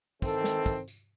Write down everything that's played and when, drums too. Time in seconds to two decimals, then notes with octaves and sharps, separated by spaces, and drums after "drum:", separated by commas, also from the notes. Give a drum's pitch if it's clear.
0.22 D#3 E3 C4 A4, drum: kick, tambourine
0.44 drum: snare
0.66 drum: kick, tambourine
0.88 drum: tambourine